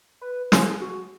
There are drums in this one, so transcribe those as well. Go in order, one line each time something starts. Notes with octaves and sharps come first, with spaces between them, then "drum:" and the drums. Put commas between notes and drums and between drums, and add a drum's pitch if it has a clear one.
B4
G#4, drum: snare
F#4